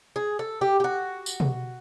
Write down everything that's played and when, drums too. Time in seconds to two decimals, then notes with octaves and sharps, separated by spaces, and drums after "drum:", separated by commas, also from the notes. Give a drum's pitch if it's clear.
0.16 G#4
0.39 A4
0.61 G4
0.80 G4
0.84 F#4
1.26 drum: tambourine
1.40 drum: tom B2